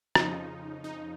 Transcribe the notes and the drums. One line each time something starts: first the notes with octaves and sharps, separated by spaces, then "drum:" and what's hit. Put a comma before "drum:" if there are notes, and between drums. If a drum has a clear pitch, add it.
F2 C#3 F3 D#4, drum: rim click
D#4